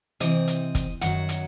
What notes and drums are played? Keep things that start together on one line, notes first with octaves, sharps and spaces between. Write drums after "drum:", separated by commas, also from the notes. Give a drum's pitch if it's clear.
C3 E3 C4 D#5, drum: hi-hat
drum: hi-hat
drum: kick, hi-hat
F#2 D#3 F#3 F#5, drum: hi-hat
drum: hi-hat